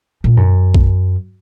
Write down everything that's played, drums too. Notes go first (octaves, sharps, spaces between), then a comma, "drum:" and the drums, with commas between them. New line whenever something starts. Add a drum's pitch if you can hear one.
A#2
F#2
drum: kick A#1